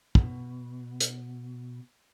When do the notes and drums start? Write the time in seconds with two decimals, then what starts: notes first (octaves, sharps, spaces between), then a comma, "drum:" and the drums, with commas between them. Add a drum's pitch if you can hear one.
0.15 B2, drum: kick
1.01 drum: hi-hat